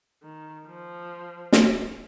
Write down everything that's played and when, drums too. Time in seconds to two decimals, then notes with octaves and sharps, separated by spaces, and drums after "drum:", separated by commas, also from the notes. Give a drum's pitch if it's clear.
0.23 D#3
0.66 F3
1.52 drum: snare